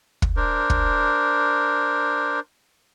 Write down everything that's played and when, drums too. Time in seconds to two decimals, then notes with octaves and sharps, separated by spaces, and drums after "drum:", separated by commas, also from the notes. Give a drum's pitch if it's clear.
0.22 drum: kick
0.37 D4 A#4 C5
0.70 drum: kick